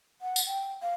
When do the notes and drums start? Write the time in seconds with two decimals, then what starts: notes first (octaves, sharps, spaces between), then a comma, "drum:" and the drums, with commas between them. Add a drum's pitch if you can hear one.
0.22 F#5
0.36 drum: tambourine
0.46 G5
0.82 F5